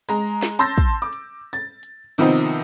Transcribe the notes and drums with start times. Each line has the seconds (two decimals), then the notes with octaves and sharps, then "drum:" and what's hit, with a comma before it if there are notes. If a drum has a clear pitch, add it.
0.09 G#3 A#5, drum: hi-hat
0.43 drum: snare
0.59 A5 C6 E6 G6 A6 A#6
0.78 drum: kick, hi-hat
1.02 D6
1.13 drum: hi-hat
1.53 A6
1.83 drum: hi-hat
2.18 C3 D#3 F3 B3 C4 D#4, drum: hi-hat